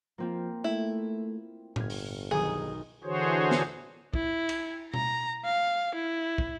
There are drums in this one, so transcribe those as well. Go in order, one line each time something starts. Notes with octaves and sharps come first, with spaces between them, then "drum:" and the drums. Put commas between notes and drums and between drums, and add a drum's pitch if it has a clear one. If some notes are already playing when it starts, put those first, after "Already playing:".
F3 A#3 C4 F4
A3 E4
G1 F6 G#6, drum: tom A2
drum: open hi-hat
B1 D#3 G#4 D#6
D3 E3 F#4 G#4 C5 C#5
drum: snare
E4, drum: kick
drum: cymbal
A#5, drum: tom B2
F5
E4
drum: kick